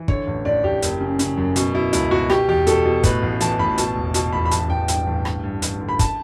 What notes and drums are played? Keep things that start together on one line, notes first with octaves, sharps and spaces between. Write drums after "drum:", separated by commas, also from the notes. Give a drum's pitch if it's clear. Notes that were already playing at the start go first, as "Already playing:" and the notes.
Already playing: E3
D3 C#5, drum: kick
A1
A1 D5
A1 G4
F#1, drum: hi-hat
C#3
C#3, drum: hi-hat
F#2
B2, drum: hi-hat
B2 E4
C#2 E4, drum: hi-hat
B2 F#4
B2 G4, drum: rim click
E2 G4
B2 A4, drum: hi-hat
B2
A2 B4, drum: kick, hi-hat
A1
E3 A5, drum: hi-hat
A1 B5
B2 A5, drum: hi-hat
E1
B2 A5, drum: hi-hat
E1 B5
B5
A1 A5, drum: hi-hat
A1 G5
G2 G5, drum: hi-hat
A1
G2, drum: rim click
G2
A1, drum: hi-hat
D3
B5
A5, drum: kick, hi-hat